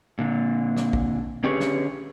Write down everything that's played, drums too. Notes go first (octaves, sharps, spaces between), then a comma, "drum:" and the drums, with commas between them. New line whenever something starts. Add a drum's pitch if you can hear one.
A#2 D3
drum: snare
drum: kick
D3 C#4 G4 G#4 B4 C#5
drum: snare